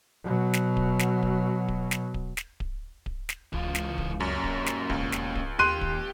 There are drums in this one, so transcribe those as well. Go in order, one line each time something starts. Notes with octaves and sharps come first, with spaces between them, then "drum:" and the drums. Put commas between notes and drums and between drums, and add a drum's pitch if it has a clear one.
B2 F#3
drum: snare
drum: kick D1
drum: snare
drum: kick D1
drum: kick D1
drum: snare
drum: kick D1
drum: snare
drum: kick D1
drum: kick D1
drum: snare
C#2 E3 F4, drum: kick D1
drum: snare
drum: kick D1
F#2 A#2 C#4
drum: kick D1
drum: snare
E1 C#2, drum: kick D1
drum: snare
drum: kick D1
D#2 G4 C6 F#6 D#7
drum: kick D1